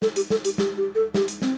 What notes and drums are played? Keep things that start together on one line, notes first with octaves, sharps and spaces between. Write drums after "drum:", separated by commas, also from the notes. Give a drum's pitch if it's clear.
A4, drum: snare
G4, drum: hi-hat
A4, drum: snare
G4, drum: hi-hat
G4, drum: snare
G4
A4
G4, drum: snare
drum: hi-hat
C4, drum: snare